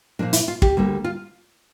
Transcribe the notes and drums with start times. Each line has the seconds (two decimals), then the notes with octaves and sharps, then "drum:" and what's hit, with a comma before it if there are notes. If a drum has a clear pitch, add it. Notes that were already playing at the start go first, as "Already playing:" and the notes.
0.19 A#2 F3 A#3 D4
0.33 E4, drum: hi-hat
0.48 F4
0.62 G4, drum: kick
0.77 D2 D3 G3 A#3
1.04 F4